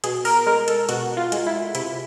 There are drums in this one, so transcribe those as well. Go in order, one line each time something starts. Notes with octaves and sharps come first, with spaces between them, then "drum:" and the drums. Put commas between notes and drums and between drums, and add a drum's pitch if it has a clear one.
B2 G#4, drum: hi-hat
A#4, drum: open hi-hat
G#3 A#4
A4, drum: hi-hat
B2 F#4, drum: hi-hat
F4
G#3, drum: hi-hat
E4
C3 E4, drum: hi-hat